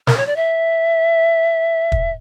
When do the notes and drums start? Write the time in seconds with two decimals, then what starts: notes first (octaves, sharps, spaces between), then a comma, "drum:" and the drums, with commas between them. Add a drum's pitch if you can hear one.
0.07 A#4, drum: snare
0.17 C#5
0.26 D5
0.36 E5
1.92 drum: kick